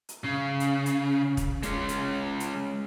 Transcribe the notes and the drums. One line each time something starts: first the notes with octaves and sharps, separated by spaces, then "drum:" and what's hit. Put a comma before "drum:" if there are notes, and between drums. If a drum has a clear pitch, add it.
drum: hi-hat
C#3
drum: hi-hat
drum: hi-hat
drum: kick E1, hi-hat
G#3 C#4, drum: hi-hat
drum: hi-hat
drum: hi-hat